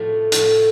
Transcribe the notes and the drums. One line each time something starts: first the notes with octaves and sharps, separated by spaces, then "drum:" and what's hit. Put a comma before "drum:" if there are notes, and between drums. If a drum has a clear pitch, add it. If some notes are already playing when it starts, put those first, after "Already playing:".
Already playing: A2 C3 F3 A3 G4
A2 F3 A3, drum: hi-hat